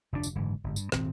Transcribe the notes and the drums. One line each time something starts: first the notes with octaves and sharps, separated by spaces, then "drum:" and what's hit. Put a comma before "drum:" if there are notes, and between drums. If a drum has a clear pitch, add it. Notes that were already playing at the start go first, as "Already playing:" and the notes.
F1 D2 B2 D4
drum: tambourine
F#1 G#2 D3 E3
G1 G#2
G2, drum: tambourine
D#1 G#1 C4, drum: snare